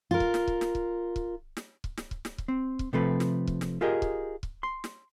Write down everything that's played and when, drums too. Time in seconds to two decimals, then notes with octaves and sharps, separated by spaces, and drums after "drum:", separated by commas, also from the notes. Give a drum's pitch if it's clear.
0.11 F4 A#4
0.20 drum: kick
0.34 drum: snare
0.48 drum: kick
0.61 drum: snare
0.75 drum: kick
1.16 drum: kick
1.57 drum: snare
1.84 drum: kick
1.97 drum: snare
2.11 drum: kick
2.25 drum: snare
2.38 drum: kick
2.48 C4
2.79 drum: kick
2.93 C3 F3 A3 C4 A4 B4
3.20 drum: snare
3.47 drum: kick
3.61 drum: snare
3.81 F4 G4 G#4 A#4 D#5
4.02 drum: kick
4.43 drum: kick
4.63 C6
4.84 drum: snare